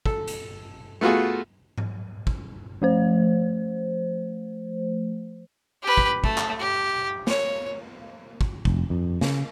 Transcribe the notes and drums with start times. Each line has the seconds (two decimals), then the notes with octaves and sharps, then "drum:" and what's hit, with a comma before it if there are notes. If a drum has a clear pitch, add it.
0.06 A4, drum: kick
0.28 drum: hi-hat
1.01 A3 B3 F4 F#4 G#4
1.78 drum: tom G#2
2.27 drum: kick
2.82 F3 A3 C5
5.83 G4 B4
5.98 drum: kick
6.24 A3, drum: kick
6.38 drum: clap
6.59 G4
7.27 C#5, drum: snare
8.41 drum: kick
8.65 F1, drum: kick
8.90 F2
9.21 C#3, drum: snare